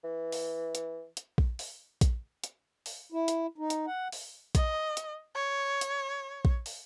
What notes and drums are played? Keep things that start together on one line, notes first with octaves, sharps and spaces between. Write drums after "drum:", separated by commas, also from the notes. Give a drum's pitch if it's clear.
E3
drum: open hi-hat
drum: hi-hat
drum: hi-hat
drum: kick A#1
drum: open hi-hat
drum: kick A#1, hi-hat
drum: hi-hat
drum: open hi-hat
E4
drum: hi-hat
D#4
drum: hi-hat
F#5
drum: open hi-hat
D#5, drum: kick A#1, hi-hat
drum: hi-hat
C#5
drum: hi-hat
drum: kick A#1
drum: open hi-hat